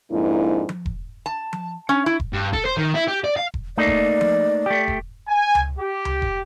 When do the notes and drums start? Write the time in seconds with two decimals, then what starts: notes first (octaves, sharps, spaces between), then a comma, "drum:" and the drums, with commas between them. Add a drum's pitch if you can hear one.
0.10 F2 G#2 A#3 D4 E4
0.69 drum: tom F3
0.86 drum: kick E1
1.26 A5
1.53 drum: tom F3
1.89 C#4
2.06 E4
2.20 drum: kick E1
2.33 G2
2.53 A4, drum: kick E1
2.65 C5
2.77 D#3
2.94 E4
3.08 G4
3.24 D5
3.37 F5
3.54 drum: kick E1
3.78 A3 A#3 D#4 D5
3.87 drum: kick E1
4.21 drum: tom F3
4.66 A3 G4
4.88 drum: kick E1
5.27 G#5
5.55 drum: tom C#2
5.78 G4
6.05 drum: tom C#2
6.22 drum: kick E1